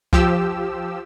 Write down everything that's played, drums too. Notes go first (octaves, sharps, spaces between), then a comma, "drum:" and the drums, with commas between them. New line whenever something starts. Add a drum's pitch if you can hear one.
F3 G4 E6, drum: kick C2